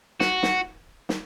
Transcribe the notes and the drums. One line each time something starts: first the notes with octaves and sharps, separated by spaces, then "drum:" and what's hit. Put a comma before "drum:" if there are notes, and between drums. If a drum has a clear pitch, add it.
F#4, drum: snare
drum: snare
drum: snare